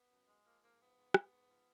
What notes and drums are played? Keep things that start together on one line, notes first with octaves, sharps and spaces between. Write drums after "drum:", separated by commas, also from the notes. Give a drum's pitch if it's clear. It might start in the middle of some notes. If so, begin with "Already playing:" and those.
Already playing: B3
F#2
G#3
F3 A#3
G#2 A#3
F3 B3
G#2
G#2, drum: rim click
G#2
F3